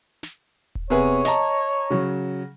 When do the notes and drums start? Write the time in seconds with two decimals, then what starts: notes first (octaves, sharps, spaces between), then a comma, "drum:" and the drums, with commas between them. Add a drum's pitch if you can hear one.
0.23 drum: snare
0.75 drum: kick D#1
0.90 C3 B3 G#4 C#5
1.25 D#5 A5 A#5, drum: snare
1.90 C#3 F#3